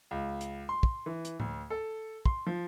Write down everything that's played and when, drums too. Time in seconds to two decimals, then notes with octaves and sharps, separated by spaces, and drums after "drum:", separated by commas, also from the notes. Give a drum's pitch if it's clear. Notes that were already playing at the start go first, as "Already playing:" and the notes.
0.11 C#2
0.41 drum: hi-hat
0.69 C6
0.83 drum: kick
1.06 E3
1.25 drum: hi-hat
1.40 D2, drum: tom A2
1.70 A4
2.26 C6, drum: kick
2.47 F3